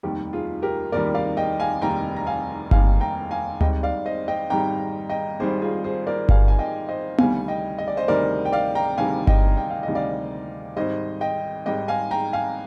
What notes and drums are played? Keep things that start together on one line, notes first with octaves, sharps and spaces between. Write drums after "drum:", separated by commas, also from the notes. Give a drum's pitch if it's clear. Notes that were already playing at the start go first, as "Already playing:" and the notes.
F1 D#2 D#3 G3 G4
F4 G#4
G4 A#4
F1 D#2 D#3 G3 A#4 D5
D5 F5
D#5 G5
F5 G#5
F1 D#2 D#3 G3 G5 A#5
A#5
F5 G#5
F1 D#2 D#3 G3 F5 G#5, drum: kick G1
G5 A#5
F5 G#5
G#1 G#2 G3 D#5 G5, drum: tom D2
D5 F5
C5 D#5
D#5 G5
G#1 G#2 G3 G5 A#5
D#5 G5
G#1 G#2 G3 G#4 C5
F4 G#4
G#4 C5
A#4 D5
G#1 G#2 G3 F5 G#5, drum: kick G1
G#5
D#5 G5
C5 D#5
D2 C3 D#3 G3 F5 G#5, drum: tom B3
D#5 G5
D#5
D5
C5 D#5
D2 C3 D#3 G3 A#4 D5
G5
D5 F5
G5 A#5
D2 C3 D#3 G3 F5 G#5
D#5 G5, drum: kick G1
G5
F5
D2 C3 D#3 G3 D#5
D5 F5
G#1 G#2 G3 C5 D#5
D#5 G5
G#1 G#2 G3 D#5 G5
F5 G#5
G5 A#5
F5 G#5